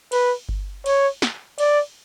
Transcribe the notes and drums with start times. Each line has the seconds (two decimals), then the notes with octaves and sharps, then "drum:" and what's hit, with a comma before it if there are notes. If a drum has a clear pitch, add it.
0.12 B4, drum: cymbal
0.49 drum: kick G1
0.86 C#5, drum: cymbal
1.22 drum: snare
1.58 D5, drum: cymbal